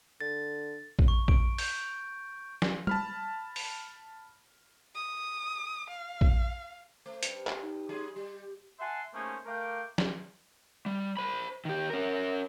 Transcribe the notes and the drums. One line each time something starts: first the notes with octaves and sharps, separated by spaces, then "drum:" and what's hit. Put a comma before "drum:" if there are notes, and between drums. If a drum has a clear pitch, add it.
D3 A6
drum: kick A#1
C#6
D7, drum: kick A#1
G6, drum: open hi-hat
drum: snare
A5 B5 F6, drum: tom G3
drum: open hi-hat
D#6
F5
drum: kick A#1
A3 C5
G2, drum: hi-hat
drum: clap
D#4
F#3 G#3 G#4
G3 G4
E5 F#5 G#5 A5 C6
A3 A#3 C#4 D#4 G#4 C5
A3 A#4 F5 G5 D6
drum: snare
G3
C5 B5
D#3 G4
C#4 A#4